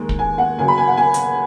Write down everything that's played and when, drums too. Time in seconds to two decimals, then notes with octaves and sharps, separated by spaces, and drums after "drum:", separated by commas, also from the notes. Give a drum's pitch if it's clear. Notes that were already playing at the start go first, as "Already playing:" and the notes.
Already playing: D#2 D#3 G#3
0.09 drum: kick
0.19 G#5
0.38 F#5
0.58 C#2 C#3 F#3 G#5
0.68 B5
0.78 G#5
0.88 F#5
0.97 G#5
1.14 drum: hi-hat